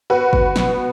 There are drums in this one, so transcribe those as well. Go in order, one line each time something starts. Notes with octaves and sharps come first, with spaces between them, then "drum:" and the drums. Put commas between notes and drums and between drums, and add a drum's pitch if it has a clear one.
B3 F#4 B4
drum: kick G1
B2, drum: snare